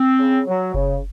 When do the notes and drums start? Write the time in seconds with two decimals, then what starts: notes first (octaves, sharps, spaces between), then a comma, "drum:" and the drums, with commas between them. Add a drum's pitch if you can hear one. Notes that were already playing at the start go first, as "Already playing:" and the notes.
Already playing: C4
0.19 C#3
0.47 F#3
0.74 C#3, drum: kick F#1